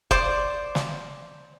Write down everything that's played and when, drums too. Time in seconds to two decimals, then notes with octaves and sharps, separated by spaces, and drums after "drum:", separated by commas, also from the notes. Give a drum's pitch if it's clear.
0.11 C5 D5 D6, drum: kick
0.75 drum: snare